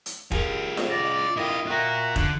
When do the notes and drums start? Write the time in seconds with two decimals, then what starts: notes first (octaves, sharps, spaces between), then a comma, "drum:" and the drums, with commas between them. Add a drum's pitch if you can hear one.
0.06 drum: hi-hat
0.32 F4 G4 G#4 A#4, drum: kick F1
0.77 drum: snare F4
0.90 D5 D#5 A6 A#6
1.37 E4 F4 A4 A#4 D#5 G5
1.67 F4 F#4 A#4 E5 G5 A#6
2.16 D3 F#6 F#7, drum: kick F1